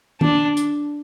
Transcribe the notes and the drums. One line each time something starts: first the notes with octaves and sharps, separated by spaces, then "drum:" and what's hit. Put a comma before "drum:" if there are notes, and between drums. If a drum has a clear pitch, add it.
D4, drum: tom D#3
drum: hi-hat